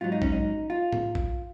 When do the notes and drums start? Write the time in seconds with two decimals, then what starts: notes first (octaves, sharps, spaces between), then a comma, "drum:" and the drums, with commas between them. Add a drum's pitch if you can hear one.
0.01 G#2 F#3 F4
0.12 D#4
0.22 C#4, drum: kick A1
0.32 D#4
0.70 F4
0.92 drum: tom A2
1.15 drum: kick A1